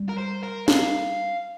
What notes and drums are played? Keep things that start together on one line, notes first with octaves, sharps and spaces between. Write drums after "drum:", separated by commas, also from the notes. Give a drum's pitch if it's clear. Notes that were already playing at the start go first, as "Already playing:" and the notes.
Already playing: G3
A#4
C5
A#4
F5, drum: snare